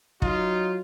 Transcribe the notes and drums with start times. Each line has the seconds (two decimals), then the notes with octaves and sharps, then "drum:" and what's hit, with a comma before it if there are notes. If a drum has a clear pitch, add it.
0.22 F#3 D#4 F4, drum: kick